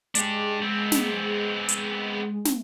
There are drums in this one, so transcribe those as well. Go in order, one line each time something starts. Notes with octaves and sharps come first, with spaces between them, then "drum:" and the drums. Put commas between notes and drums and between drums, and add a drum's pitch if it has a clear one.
G#3 D4 G4, drum: hi-hat
B3 C4
drum: snare
drum: hi-hat
drum: snare